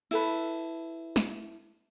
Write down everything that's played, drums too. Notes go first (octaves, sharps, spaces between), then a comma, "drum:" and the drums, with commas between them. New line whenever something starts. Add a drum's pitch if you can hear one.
E4 A4 B4, drum: cymbal
drum: snare